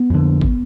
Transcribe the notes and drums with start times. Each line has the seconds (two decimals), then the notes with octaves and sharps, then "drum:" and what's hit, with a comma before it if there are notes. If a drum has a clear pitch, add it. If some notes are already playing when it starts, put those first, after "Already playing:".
Already playing: B3
0.10 F2 D3
0.41 drum: kick